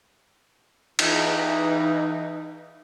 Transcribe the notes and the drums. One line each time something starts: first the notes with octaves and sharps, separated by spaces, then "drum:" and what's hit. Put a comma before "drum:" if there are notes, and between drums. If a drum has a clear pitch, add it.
E3 D#4, drum: cymbal